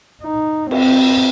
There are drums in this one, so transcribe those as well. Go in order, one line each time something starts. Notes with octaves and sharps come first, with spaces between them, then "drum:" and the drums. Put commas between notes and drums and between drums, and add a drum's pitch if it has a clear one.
D#4
C4, drum: cymbal